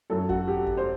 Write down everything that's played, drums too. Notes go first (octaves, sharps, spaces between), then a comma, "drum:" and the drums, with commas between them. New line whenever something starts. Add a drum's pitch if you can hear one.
F#2 F#3 A4
F#4, drum: kick
G4
drum: kick
C5